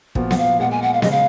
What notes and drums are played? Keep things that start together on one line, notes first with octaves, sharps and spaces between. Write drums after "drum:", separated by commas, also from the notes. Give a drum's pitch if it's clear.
A#2 F3 B3 F#4, drum: kick
F#5, drum: snare B3
F5
A#2 G#3 B3 F#5
G#5
F#5
F5
C#3 G#3 D#5, drum: snare B3
F5